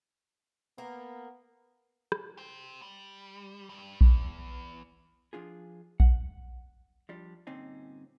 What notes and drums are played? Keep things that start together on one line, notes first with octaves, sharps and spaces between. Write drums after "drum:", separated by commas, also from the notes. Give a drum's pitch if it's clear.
A#3 B3
drum: rim click
G4 C5
G3
G2 G3
E2, drum: kick A#1
F3 D4 F4 G#4
F#5, drum: kick A#1
F3 G3 D4
G2 A#2 D3 C4 C#4 D#4